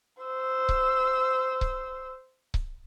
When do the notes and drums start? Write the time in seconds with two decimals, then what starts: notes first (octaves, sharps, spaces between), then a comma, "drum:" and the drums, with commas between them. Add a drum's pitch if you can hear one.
0.22 C5 E6
0.69 drum: kick C#1
1.61 drum: kick C#1
2.54 drum: kick C#1